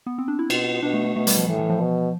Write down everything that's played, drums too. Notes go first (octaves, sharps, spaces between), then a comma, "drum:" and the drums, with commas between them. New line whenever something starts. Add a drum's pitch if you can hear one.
B3
C4
D4
E4
B2 F4, drum: cymbal
B2 D4
A3
A3
B2 A3
G3, drum: hi-hat
F3
A2 E3
E3
F3
B2